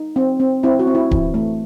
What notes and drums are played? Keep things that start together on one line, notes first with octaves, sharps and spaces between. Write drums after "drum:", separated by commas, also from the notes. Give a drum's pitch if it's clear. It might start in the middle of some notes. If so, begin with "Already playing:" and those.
Already playing: D#4
C4
C4
C4 E4
F#4
C4
E4
E3, drum: kick D1
A3